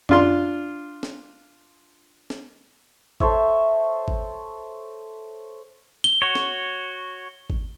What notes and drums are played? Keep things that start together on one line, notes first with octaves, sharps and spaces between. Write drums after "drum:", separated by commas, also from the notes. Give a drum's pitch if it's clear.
D4 F4 C6, drum: tom F#2
drum: snare
drum: snare
A4 C5 C#5 E5, drum: kick G#1
drum: kick G#1
G7
F#4 C#5
drum: snare
drum: kick G#1